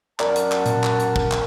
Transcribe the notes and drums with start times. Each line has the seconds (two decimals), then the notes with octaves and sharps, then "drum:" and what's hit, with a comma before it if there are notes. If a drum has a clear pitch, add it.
0.20 F#2 A#4 D5 F#5 A5, drum: clap
0.36 drum: hi-hat
0.52 drum: clap
0.66 A#2, drum: hi-hat
0.84 drum: clap
1.00 drum: hi-hat
1.16 drum: kick
1.32 drum: clap